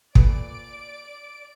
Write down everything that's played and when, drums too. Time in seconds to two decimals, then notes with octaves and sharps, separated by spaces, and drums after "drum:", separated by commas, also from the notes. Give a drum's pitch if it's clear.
0.15 A#2 A3 B4 D5 D7, drum: kick